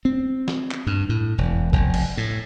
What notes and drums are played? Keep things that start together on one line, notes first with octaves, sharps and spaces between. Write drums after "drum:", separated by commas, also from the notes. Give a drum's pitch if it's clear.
C4
drum: snare
drum: clap
G2
A2
E1
F1, drum: kick G#1
drum: cymbal
A2